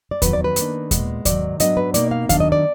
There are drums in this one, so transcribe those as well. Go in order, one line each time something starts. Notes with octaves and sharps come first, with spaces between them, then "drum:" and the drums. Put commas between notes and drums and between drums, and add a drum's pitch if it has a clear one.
D5
F2 D#3 F#3 B3 B4, drum: kick D#2, hi-hat
D5
B4
D#3 A#3 D4, drum: hi-hat
A#2 G#3 B3, drum: kick D#2, hi-hat
G#2 D#3 F#3 D5, drum: kick D#2, hi-hat
G#2 F#3 B3 D4 D#5, drum: hi-hat
B4
B2 A#3 D#4 D5, drum: hi-hat
F5
D#3 F#3 D4 F5, drum: kick D#2, hi-hat
D#5
D5